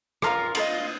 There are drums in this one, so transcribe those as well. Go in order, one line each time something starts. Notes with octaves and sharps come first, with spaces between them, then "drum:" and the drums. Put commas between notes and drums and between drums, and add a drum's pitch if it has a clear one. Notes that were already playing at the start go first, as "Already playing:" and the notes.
F4 A#4 F5, drum: rim click
F4 A#4 D#5, drum: cymbal